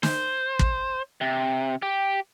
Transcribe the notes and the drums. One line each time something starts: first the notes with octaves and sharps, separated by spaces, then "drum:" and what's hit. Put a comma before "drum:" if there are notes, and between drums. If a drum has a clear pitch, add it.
C5, drum: snare
drum: kick
C3
G4